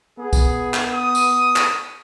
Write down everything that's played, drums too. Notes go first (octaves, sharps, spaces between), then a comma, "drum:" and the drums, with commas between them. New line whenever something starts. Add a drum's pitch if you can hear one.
B3 G#4
drum: kick, tambourine
drum: clap
D#6
drum: tambourine
drum: clap